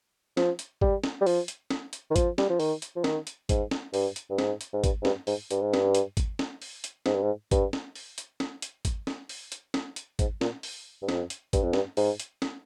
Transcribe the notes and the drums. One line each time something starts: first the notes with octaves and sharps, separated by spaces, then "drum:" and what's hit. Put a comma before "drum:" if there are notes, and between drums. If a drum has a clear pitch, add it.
F3, drum: snare
drum: hi-hat
G3, drum: kick G#1
drum: snare
G3
F3, drum: open hi-hat
drum: hi-hat
drum: snare
drum: hi-hat
D#3
F3, drum: kick G#1, hi-hat
G3, drum: snare
F3
D#3, drum: open hi-hat
drum: hi-hat
F3
D#3, drum: snare
drum: hi-hat
G#2, drum: kick G#1, hi-hat
drum: snare
G2, drum: open hi-hat
drum: hi-hat
G2
G#2, drum: snare
drum: hi-hat
G#2
G2, drum: kick G#1, hi-hat
G#2
G2, drum: snare
G#2, drum: open hi-hat
G2, drum: hi-hat
G#2
G2, drum: snare
drum: hi-hat
drum: kick G#1, hi-hat
drum: snare
drum: open hi-hat
drum: hi-hat
G#2, drum: snare
G2
G#2
G2, drum: kick G#1, hi-hat
drum: snare
drum: open hi-hat
drum: hi-hat
drum: snare
drum: hi-hat
drum: kick G#1, hi-hat
drum: snare
drum: open hi-hat
drum: hi-hat
drum: snare
drum: hi-hat
G#2, drum: kick G#1, hi-hat
A#2, drum: snare
drum: open hi-hat
G2
F2, drum: snare
drum: hi-hat
G2, drum: kick G#1, hi-hat
F2
G2, drum: snare
G#2, drum: open hi-hat
drum: hi-hat
drum: snare